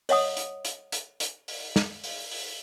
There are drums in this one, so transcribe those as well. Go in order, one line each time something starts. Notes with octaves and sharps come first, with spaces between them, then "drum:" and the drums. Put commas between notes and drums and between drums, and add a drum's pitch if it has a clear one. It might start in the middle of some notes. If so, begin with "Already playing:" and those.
C#5 D#5 F#5 D#6, drum: open hi-hat
drum: hi-hat
drum: hi-hat
drum: hi-hat
drum: hi-hat
drum: open hi-hat
drum: snare
drum: open hi-hat
drum: open hi-hat